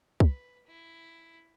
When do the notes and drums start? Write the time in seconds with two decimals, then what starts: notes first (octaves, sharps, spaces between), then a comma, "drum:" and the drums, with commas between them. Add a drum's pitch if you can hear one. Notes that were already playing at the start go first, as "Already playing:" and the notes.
0.20 B4, drum: kick
0.67 E4